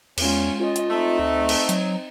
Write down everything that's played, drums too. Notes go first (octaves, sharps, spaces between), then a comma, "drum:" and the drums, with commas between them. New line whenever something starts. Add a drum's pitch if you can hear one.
E2 G#3 C#4 F4, drum: cymbal
C#4 F4 D#5
drum: hi-hat
A3 C4 D#4
D2
drum: cymbal
F#3, drum: hi-hat